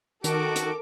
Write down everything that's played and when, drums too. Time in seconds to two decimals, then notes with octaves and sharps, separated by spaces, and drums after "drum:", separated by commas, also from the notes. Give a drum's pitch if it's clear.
0.24 D#3 F#4 A4 A#4 D6, drum: hi-hat
0.56 drum: hi-hat